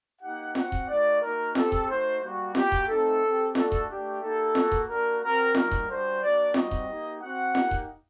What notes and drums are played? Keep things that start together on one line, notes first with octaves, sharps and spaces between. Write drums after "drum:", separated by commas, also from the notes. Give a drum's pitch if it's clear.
A#3 D#4 G4 F#5
C4 F#4 F#5, drum: snare
drum: kick D#1
A3 D#4 F#4 D5
A#3 D#4 F#4 A#4
C4 G4 A4, drum: snare
drum: kick D#1
A3 D#4 F#4 C5
G3 A#3 F#4
A#3 F#4 G4, drum: snare
drum: kick D#1
A3 C4 D#4 A4
C4 G4
A3 D4 F#4 A4, drum: snare
drum: kick D#1
A3 D4 G4
A#3 D#4 G4 A4
A#3 F#4, drum: snare
drum: kick D#1
A#3 D4 F#4 A#4
C4 F#4 A#4
G3 A#3 D#4 F#4 A#4, drum: snare
drum: kick D#1
G3 D4 F#4 C5
A#3 D4 F#4 D5
G3 C4 D#4 F#4 D#5, drum: snare
drum: kick D#1
A#3 D#4 G4
C4 F#4 F#5
A#3 D#4 G4, drum: snare
drum: kick D#1